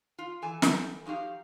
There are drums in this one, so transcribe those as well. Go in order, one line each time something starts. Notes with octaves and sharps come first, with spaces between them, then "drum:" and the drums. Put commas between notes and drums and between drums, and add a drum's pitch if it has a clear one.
F4
E3 A4 G#5
drum: snare
F3 D#4 F#4 G4 F5